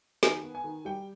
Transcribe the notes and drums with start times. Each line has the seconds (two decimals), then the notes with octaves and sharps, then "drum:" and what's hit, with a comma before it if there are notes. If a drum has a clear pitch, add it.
0.23 D#3 G#5, drum: snare
0.43 B3
0.55 G#5
0.64 D#3
0.85 G3 G5